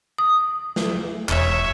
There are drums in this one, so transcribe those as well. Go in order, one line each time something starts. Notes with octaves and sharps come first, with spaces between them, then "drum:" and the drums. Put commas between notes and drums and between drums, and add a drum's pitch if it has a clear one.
D#6
drum: snare
E1 C#5 E5, drum: clap